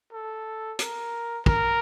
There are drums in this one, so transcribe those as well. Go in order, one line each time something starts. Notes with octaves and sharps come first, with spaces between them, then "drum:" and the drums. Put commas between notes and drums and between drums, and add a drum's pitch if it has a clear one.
A4
A#4, drum: hi-hat
A#4, drum: kick